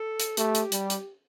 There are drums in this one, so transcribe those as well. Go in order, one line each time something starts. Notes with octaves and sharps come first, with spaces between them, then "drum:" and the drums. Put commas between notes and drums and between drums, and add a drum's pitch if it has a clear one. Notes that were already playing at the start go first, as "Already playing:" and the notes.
Already playing: A4
drum: hi-hat
A3 G4, drum: hi-hat
drum: hi-hat
G3, drum: hi-hat
drum: hi-hat